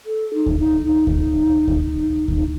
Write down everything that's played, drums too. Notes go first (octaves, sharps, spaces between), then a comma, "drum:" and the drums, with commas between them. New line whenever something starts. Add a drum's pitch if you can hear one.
A4
D#4
drum: kick D2
D#4
D#4
drum: kick D2
drum: kick D2
drum: kick D2